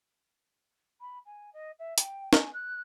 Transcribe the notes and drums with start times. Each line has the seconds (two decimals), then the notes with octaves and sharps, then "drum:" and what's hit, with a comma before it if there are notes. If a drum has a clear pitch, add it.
1.01 B5
1.25 G#5
1.53 D#5
1.79 E5
1.98 G5, drum: hi-hat
2.33 G#5, drum: snare
2.53 F#6